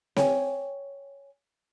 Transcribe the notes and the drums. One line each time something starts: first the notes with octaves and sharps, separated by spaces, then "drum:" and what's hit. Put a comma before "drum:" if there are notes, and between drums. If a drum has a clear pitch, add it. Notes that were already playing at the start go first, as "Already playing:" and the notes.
C#5 G5 G#5, drum: snare C4